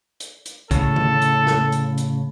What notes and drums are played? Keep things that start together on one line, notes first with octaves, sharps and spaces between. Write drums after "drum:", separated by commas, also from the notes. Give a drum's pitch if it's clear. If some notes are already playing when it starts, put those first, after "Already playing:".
drum: hi-hat
drum: hi-hat
A2 C#3 A4, drum: kick B1, hi-hat
drum: tom D3
drum: hi-hat
drum: snare
drum: hi-hat
drum: hi-hat